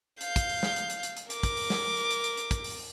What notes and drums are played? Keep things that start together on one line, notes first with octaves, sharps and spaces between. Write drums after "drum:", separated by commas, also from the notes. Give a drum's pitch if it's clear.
F5 G6, drum: hi-hat
drum: kick, hi-hat
drum: open hi-hat
drum: snare
drum: hi-hat
drum: hi-hat
drum: hi-hat
drum: hi-hat
A#4 D6, drum: hi-hat
drum: kick, hi-hat
drum: open hi-hat
drum: snare
drum: hi-hat
drum: hi-hat
drum: hi-hat
drum: hi-hat
drum: kick, hi-hat
drum: open hi-hat